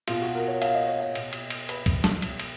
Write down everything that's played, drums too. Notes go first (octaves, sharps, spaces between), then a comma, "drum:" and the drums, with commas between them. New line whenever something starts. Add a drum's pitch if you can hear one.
B2 F4, drum: cymbal
F#4
A#4
C#5
F5, drum: cymbal
D#5
C#5
D#5
B2, drum: cymbal
drum: cymbal
drum: cymbal
B4, drum: cymbal
drum: kick, cymbal
drum: snare
B2, drum: cymbal
drum: cymbal